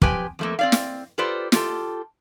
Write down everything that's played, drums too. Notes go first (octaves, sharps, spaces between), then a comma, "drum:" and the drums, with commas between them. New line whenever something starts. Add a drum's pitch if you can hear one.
F3 G4 B4 G5 G#5, drum: kick
F2 A3 A#3
C4 D5 F5
drum: snare
F4 G4 A4 B4 C5 D5
F4 G4 A4, drum: snare